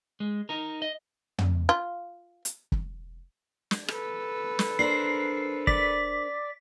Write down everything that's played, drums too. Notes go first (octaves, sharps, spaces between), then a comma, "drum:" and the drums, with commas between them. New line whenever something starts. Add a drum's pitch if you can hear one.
G#3
D#4 A#4
D#5
drum: tom
F4
drum: hi-hat
drum: kick
drum: snare
A4 B4, drum: rim click
drum: snare
D4 A#4 C5 C7
D5 B6, drum: kick